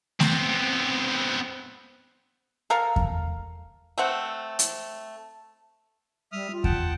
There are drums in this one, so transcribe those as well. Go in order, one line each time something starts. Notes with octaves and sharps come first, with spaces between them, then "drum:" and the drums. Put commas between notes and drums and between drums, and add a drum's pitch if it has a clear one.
B3 C4, drum: snare A3
A4 A#4 F5
drum: kick E2
A3 C4 F#5
drum: hi-hat
G3 E5 D#6 F6
F4
F#5 G5 A5, drum: kick E2